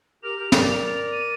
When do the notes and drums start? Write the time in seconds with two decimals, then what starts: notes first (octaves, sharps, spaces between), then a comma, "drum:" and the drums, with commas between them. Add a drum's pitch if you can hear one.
0.23 G4 A#4 F7
0.38 G4 A#4
0.52 A#4 D5, drum: snare
1.12 D#7